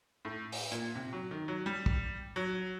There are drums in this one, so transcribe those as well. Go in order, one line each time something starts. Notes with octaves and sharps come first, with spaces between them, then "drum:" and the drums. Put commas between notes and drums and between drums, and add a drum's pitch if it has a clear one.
A2
drum: open hi-hat
A#2, drum: hi-hat
C3
F#3
D#3
F#3
G3
drum: kick
F#3